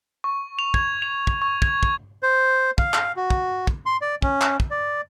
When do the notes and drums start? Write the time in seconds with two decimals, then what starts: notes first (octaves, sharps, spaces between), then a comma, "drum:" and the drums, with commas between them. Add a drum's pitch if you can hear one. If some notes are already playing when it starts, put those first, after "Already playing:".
0.24 C#6
0.59 F7
0.74 G#6, drum: kick
1.02 F7
1.27 drum: kick
1.42 C#6
1.62 G#6, drum: kick
1.83 drum: kick
2.23 C5
2.78 F5, drum: kick
2.93 drum: clap
3.16 F#4
3.30 drum: kick
3.67 drum: kick
3.86 C6
4.01 D5
4.22 C#4, drum: kick
4.41 drum: clap
4.60 drum: kick
4.71 D5